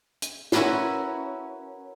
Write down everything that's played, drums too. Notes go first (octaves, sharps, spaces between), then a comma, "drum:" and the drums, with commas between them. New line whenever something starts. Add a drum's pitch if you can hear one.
drum: hi-hat
C#4 E4 F#4 A#4 B4 C6, drum: snare